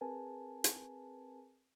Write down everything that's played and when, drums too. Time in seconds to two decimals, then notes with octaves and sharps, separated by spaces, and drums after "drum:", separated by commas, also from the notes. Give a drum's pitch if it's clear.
0.01 C4 G#4 A#4 B4 G#5 A5
0.64 drum: hi-hat